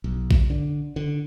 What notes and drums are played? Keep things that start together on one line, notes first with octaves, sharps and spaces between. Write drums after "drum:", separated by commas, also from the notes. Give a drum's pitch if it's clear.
B1
drum: kick A1
D3
D3